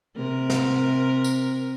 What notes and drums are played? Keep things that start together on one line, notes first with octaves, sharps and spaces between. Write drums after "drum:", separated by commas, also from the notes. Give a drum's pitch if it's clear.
C3 A#4
drum: snare
drum: tambourine